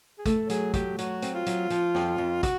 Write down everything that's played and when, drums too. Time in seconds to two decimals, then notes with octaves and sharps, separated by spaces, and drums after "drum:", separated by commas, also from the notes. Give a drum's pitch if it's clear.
0.19 G#4
0.26 A3 A4, drum: kick, hi-hat
0.50 F#3 G#4, drum: hi-hat
0.74 A3 G4, drum: kick, hi-hat
0.98 F#3 F#4, drum: hi-hat
1.22 C4, drum: hi-hat
1.35 F4
1.46 F#3, drum: hi-hat
1.70 F3, drum: hi-hat
1.95 F2, drum: snare
2.18 F2
2.43 F#4, drum: kick, hi-hat